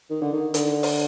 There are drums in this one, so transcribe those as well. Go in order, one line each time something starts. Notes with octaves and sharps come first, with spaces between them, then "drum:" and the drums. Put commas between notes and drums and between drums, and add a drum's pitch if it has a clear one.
D#3
D3
D#3
D3, drum: hi-hat
drum: open hi-hat